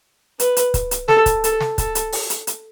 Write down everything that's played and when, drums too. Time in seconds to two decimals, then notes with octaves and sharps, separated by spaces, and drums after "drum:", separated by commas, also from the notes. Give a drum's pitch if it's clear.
0.40 B4, drum: hi-hat
0.57 drum: hi-hat
0.74 drum: kick, hi-hat
0.91 drum: hi-hat
1.08 A4, drum: snare
1.26 drum: kick, hi-hat
1.44 A4, drum: hi-hat
1.60 drum: snare
1.78 A4, drum: kick, hi-hat
1.95 drum: hi-hat
2.12 drum: open hi-hat
2.30 drum: hi-hat
2.47 drum: hi-hat